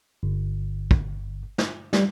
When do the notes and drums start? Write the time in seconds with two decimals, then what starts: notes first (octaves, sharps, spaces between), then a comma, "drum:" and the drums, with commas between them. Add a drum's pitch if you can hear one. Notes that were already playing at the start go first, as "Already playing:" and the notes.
0.23 G1
0.91 drum: kick
1.58 drum: snare
1.93 G3, drum: snare